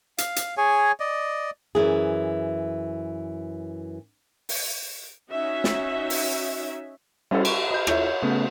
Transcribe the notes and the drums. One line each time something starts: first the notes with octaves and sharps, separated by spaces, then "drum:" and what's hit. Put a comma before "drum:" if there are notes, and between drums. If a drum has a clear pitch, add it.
F5, drum: hi-hat
drum: hi-hat
G#4 C#5 G#5
D5 D#5
F#2 E3 G#4
drum: open hi-hat
C#4 D#4 F#4 E5
drum: snare
drum: open hi-hat
G3 C#4 E4 A4 C5, drum: cymbal
C#6 D7, drum: cymbal
D#5 B5 G6
E4 F4 A4 C#5 E5, drum: rim click
C#5
C#3 A3 B3